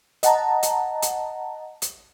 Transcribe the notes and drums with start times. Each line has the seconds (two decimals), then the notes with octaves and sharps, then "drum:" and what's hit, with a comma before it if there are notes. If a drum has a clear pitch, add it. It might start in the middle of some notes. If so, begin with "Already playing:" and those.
0.23 D#5 F#5 A5 A#5, drum: hi-hat
0.63 drum: hi-hat
1.02 drum: hi-hat
1.82 drum: hi-hat